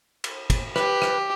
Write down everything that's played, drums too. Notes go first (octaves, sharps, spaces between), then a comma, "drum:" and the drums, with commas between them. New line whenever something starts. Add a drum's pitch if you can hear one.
drum: cymbal
drum: kick, cymbal
G4 B4, drum: rim click
drum: rim click